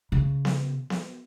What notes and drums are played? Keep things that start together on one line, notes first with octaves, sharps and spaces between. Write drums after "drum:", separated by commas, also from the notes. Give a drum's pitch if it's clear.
C#3
drum: snare B3
drum: snare B3